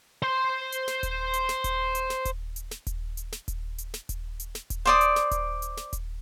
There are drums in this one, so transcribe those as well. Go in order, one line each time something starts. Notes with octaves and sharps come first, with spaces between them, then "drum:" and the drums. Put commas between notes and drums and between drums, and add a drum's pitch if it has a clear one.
C5 C6
drum: hi-hat
drum: snare
drum: kick D#1, hi-hat
drum: hi-hat
drum: snare
drum: kick D#1, hi-hat
drum: hi-hat
drum: snare
drum: kick D#1, hi-hat
drum: hi-hat
drum: snare
drum: kick D#1, hi-hat
drum: hi-hat
drum: snare
drum: kick D#1, hi-hat
drum: hi-hat
drum: snare
drum: kick D#1, hi-hat
drum: hi-hat
drum: snare
drum: kick D#1, hi-hat
C5 D5 D#6
drum: hi-hat
drum: snare
drum: kick D#1, hi-hat
drum: hi-hat
drum: snare
drum: kick D#1, hi-hat